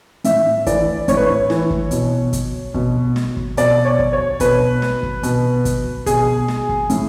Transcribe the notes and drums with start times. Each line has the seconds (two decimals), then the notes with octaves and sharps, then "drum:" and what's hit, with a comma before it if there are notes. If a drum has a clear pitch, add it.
0.24 A2 E5, drum: hi-hat
0.66 E3 D5, drum: kick, hi-hat
1.08 A2 C#5, drum: kick, hi-hat
1.17 B4
1.26 C#5
1.50 E3, drum: snare
1.70 drum: kick
1.91 B2, drum: hi-hat
2.33 drum: kick, hi-hat
2.74 B2, drum: kick
3.16 drum: snare
3.37 drum: kick
3.57 B2 D5, drum: hi-hat
3.85 C#5
3.99 drum: kick
4.13 C#5
4.40 B2 B4, drum: kick, hi-hat
4.82 drum: snare
5.03 drum: kick
5.23 B2, drum: hi-hat
5.65 drum: kick, hi-hat
6.06 B2 G#4, drum: kick, hi-hat
6.48 drum: snare
6.69 drum: kick
6.90 A2, drum: hi-hat